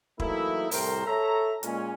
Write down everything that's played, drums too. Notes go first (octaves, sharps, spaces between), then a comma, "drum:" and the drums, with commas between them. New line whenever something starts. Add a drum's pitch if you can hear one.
E3 F#3 A3 A#3 D#4 E4, drum: kick
C2 A2 A#4 C5, drum: open hi-hat
A4 C#5 E5 A#5
A#2 G#3 C#4, drum: hi-hat